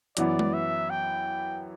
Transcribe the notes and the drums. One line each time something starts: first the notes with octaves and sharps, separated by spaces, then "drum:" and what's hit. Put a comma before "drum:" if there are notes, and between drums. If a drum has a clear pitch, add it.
F#2 E3 B3 E4 D5, drum: hi-hat
drum: tom G#3
E5
G5